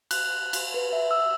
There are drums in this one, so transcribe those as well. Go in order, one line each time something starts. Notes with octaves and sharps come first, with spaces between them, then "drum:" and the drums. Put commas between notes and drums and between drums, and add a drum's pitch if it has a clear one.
F#6, drum: cymbal
drum: cymbal
B4
E5
E6